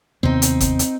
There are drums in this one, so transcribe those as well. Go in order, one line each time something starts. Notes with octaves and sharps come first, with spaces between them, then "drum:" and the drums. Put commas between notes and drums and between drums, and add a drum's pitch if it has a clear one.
D#2 C3 B3 C4 D#4
drum: hi-hat
drum: kick F#1, hi-hat
drum: hi-hat